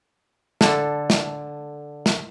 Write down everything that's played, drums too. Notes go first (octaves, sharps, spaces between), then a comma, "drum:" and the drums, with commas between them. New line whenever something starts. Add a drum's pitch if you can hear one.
D3 A4, drum: snare
drum: snare
drum: snare